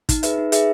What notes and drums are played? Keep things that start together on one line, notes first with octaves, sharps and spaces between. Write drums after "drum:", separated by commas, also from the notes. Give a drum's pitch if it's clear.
D#4, drum: kick, hi-hat
G#4 B4 E5, drum: hi-hat
D#4
G#4 B4 E5, drum: hi-hat